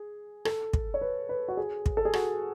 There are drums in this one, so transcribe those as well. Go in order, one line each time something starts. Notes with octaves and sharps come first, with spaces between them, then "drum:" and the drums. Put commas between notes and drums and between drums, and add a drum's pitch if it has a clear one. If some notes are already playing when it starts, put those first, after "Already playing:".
Already playing: G#4
A4, drum: rim click
drum: kick
C#5
B4
B4
F#4
G#4
drum: kick
A4
G#4
F#4, drum: rim click